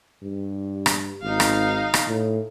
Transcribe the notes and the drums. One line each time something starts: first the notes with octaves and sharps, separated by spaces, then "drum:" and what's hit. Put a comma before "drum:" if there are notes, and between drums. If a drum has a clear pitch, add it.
G2
drum: rim click
G#1 D#4 F5
drum: rim click
drum: rim click
A2